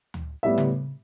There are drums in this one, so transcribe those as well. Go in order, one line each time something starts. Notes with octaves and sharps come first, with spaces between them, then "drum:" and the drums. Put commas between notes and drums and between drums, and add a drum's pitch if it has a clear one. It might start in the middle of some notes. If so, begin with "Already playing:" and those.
drum: tom D2
A2 G3 B3 E5
drum: tom C#3